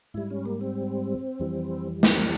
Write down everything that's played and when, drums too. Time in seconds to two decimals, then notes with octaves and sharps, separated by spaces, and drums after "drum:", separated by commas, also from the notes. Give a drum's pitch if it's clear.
0.14 G#2 G3 E4
0.31 C#4
0.46 A#3
0.61 C4
1.40 F2 E3 G3
2.03 C4, drum: snare